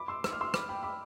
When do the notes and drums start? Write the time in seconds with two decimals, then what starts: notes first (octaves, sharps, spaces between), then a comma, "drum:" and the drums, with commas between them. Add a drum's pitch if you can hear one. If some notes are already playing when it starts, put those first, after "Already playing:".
Already playing: B5 D6
0.08 C6 E6
0.24 E6, drum: rim click
0.32 F6
0.41 C6 E6
0.54 B5 D6, drum: rim click
0.69 G5 B5
0.83 B5 D6